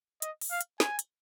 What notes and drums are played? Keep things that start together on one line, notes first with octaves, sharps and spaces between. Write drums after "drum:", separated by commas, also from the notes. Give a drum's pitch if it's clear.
D#5, drum: hi-hat
drum: open hi-hat
F5
drum: hi-hat
G#5, drum: snare
drum: hi-hat